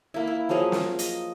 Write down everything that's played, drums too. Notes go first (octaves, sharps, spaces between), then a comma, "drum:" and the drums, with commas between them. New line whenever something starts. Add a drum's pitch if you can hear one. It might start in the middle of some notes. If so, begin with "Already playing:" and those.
A#3 E4
E4
F3 F#3 A#3 G#4
drum: snare
D#5, drum: hi-hat